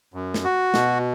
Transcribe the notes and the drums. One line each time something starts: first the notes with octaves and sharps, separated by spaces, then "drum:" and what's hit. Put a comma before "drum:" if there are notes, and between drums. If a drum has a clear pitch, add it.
F#2
drum: snare
F#4
B2, drum: snare